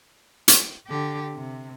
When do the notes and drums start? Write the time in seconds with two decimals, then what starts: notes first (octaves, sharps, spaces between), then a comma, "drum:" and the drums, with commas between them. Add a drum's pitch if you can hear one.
0.48 drum: hi-hat
0.87 D3 G4
1.35 C3